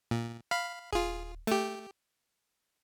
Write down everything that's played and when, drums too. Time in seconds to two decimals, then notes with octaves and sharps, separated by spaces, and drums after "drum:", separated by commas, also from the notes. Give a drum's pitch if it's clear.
0.11 A#2
0.51 F5 B5
0.93 F4 G#4, drum: kick D#1
1.47 A3 G4, drum: hi-hat